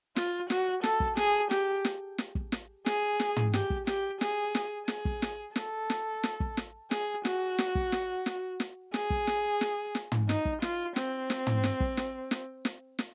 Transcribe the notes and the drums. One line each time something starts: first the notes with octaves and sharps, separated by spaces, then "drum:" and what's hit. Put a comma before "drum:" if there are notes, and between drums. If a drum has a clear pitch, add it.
F4, drum: snare
F#4, drum: snare
A4, drum: snare
drum: kick
G#4, drum: snare
G4, drum: snare
drum: snare
drum: snare
drum: kick
drum: snare
G#4, drum: snare
drum: snare
drum: tom
G4, drum: snare
drum: kick
G4, drum: snare
G#4, drum: snare
drum: snare
G#4, drum: snare
drum: kick
drum: snare
A4, drum: snare
drum: snare
drum: snare
drum: kick
drum: snare
G#4, drum: snare
F#4, drum: snare
drum: snare
drum: kick
drum: snare
drum: snare
drum: snare
G#4, drum: snare
drum: kick
drum: snare
drum: snare
drum: snare
drum: tom
D#4, drum: snare
drum: kick
F4, drum: snare
C4, drum: snare
drum: snare
drum: tom
drum: snare
drum: kick
drum: snare
drum: snare
drum: snare
drum: snare